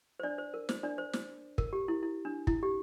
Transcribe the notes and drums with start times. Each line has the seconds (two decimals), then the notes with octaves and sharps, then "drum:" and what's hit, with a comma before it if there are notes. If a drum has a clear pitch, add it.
0.20 C5
0.23 D4 D5
0.38 C5
0.54 A#4
0.69 C5, drum: snare
0.83 D4 D5
0.98 C5
1.13 C5, drum: snare
1.58 A#4, drum: kick
1.73 G4
1.88 E4
2.03 E4
2.25 D4
2.47 E4, drum: kick
2.63 G4